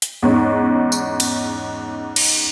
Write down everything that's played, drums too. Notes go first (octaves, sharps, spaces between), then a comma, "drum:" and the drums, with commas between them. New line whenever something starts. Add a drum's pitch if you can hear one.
drum: hi-hat
E2 G#2 C#4
drum: tambourine
drum: cymbal
drum: cymbal